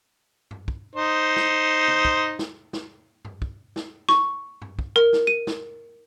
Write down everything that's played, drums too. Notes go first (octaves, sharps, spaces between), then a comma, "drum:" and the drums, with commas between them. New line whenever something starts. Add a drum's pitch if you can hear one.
drum: tom G2
drum: kick
D#4 C5
drum: snare
drum: tom
drum: kick
drum: snare
drum: snare
drum: tom G2
drum: kick
drum: snare
C#6, drum: snare
drum: tom G2
drum: kick
A#4
drum: snare
D#7
drum: snare